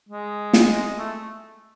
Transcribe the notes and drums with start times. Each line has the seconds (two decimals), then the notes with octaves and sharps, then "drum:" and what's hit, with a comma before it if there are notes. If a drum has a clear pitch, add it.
0.09 G#3
0.53 drum: snare
0.98 A3